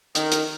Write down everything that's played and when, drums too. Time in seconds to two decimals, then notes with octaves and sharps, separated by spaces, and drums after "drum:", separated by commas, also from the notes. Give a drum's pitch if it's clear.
0.15 D#3, drum: hi-hat
0.32 drum: hi-hat